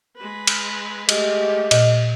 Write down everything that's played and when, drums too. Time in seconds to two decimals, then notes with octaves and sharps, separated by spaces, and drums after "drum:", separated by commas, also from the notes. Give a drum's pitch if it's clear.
0.17 G#3 B4
0.47 drum: cymbal
1.09 G#3 A3 G4, drum: cymbal
1.71 A#2 D#5, drum: cymbal